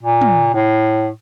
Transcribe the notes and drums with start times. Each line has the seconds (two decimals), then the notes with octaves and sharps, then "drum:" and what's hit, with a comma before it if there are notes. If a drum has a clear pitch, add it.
0.03 A#2
0.21 drum: tom
0.54 A2